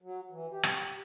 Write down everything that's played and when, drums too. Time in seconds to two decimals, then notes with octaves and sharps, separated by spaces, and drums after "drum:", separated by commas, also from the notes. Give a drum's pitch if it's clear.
0.01 F#3
0.31 E3
0.52 G4
0.63 drum: rim click